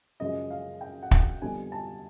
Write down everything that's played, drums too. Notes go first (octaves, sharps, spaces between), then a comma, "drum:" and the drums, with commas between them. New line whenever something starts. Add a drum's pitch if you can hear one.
F#2 C#3 F3 G#3 D#5
F5
G5
F#5
G5, drum: kick
F2 D3 G3 B3 D4 G#5
A5